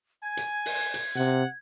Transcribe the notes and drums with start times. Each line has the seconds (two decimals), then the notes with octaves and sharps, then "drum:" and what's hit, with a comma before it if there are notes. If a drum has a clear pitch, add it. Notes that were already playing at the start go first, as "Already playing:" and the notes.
0.23 G#5 G#6
0.37 drum: hi-hat
0.66 drum: open hi-hat
0.94 drum: hi-hat
1.16 C3 F#5